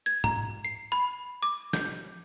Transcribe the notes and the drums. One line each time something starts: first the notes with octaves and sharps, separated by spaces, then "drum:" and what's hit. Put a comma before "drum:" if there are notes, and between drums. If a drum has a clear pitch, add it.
G#6
A#5, drum: tom
C7
B5
D6
G6, drum: snare